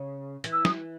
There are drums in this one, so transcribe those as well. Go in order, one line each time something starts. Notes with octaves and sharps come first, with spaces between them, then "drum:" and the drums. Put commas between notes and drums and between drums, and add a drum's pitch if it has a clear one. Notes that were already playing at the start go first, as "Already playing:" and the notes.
Already playing: C#3
E3, drum: hi-hat
E6
D#6, drum: snare